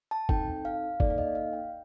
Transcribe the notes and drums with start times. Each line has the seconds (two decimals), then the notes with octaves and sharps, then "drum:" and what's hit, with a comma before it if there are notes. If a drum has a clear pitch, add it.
0.11 A5
0.29 C4 D#4 A4 G5, drum: kick
0.65 F5
1.00 A#3 D#4 A4 D5, drum: kick
1.10 F5
1.18 D#5
1.35 F5
1.53 G5